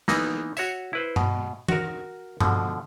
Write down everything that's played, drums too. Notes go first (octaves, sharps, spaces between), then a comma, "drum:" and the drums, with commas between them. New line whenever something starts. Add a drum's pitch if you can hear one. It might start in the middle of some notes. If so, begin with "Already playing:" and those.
E3 A#3 B3 D#4, drum: snare
F#4 C#5 E5, drum: tambourine
E4 B4 C5
B2, drum: tom G2
F#4 A#4, drum: tom E3
B2 D3 F3, drum: tom G2